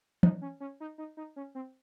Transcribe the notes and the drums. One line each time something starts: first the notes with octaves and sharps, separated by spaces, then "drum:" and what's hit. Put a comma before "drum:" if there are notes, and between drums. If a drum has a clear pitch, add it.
D#4, drum: tom E3
C#4
C#4
D#4
D#4
D#4
C#4
C4